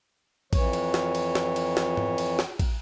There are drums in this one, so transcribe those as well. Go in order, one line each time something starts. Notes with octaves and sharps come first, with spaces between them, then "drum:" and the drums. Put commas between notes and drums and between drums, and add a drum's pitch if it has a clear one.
F2 E3 C#5, drum: kick, cymbal
drum: cymbal
drum: snare
drum: cymbal
drum: snare
drum: cymbal
drum: snare
drum: tom G#2
drum: cymbal
drum: snare
drum: kick, cymbal